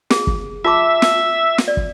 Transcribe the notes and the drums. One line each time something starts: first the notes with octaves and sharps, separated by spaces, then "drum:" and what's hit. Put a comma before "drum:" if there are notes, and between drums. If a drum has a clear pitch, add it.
G#4, drum: snare
drum: kick
F4 E5 A5 D6
drum: snare
drum: snare
D5
drum: kick